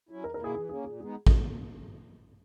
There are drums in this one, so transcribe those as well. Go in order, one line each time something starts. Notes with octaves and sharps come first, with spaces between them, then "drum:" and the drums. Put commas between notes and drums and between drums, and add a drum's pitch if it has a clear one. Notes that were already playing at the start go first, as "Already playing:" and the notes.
F#3 C#4 E4
E2 A#4
A#4
B2 A#3 E4 G#4
E3 G#4
A#3 C#4 G#4
A#2 G#4
G#3 B3 D#4 G#4
drum: kick A1